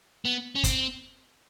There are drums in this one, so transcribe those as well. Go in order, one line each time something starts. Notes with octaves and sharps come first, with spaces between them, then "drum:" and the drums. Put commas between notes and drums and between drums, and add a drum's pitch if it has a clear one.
B3
C#4
C4, drum: kick, hi-hat